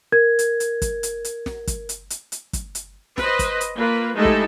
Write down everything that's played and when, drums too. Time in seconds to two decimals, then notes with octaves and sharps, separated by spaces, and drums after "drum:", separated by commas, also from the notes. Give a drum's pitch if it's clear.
0.12 A#4 G#6
0.39 drum: hi-hat
0.60 drum: hi-hat
0.82 drum: kick, hi-hat
1.03 drum: hi-hat
1.25 drum: hi-hat
1.46 drum: snare
1.67 drum: kick, hi-hat
1.89 drum: hi-hat
2.10 drum: hi-hat
2.32 drum: hi-hat
2.53 drum: kick, hi-hat
2.75 drum: hi-hat
3.18 B4 C5 D#5, drum: snare
3.39 drum: kick, hi-hat
3.61 drum: hi-hat
3.76 A#3 F4 B4
4.15 G#3 A3 D#4 E4 G4 A4
4.25 drum: kick